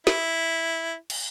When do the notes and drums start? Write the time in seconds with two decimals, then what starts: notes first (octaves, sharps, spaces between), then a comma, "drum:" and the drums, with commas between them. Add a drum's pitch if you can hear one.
0.07 E4, drum: snare
1.10 drum: cymbal